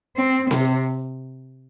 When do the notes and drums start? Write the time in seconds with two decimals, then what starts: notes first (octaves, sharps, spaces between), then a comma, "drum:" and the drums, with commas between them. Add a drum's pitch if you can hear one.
0.16 C4
0.51 C3, drum: snare C4